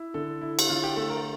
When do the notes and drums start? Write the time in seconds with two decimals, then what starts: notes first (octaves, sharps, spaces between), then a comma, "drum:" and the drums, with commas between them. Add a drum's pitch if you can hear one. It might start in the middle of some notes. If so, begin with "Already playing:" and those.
Already playing: E4
0.14 D3 A4
0.41 E4
0.59 drum: cymbal
0.69 D3 F4
0.83 G4
0.96 A3 A4
1.10 A#4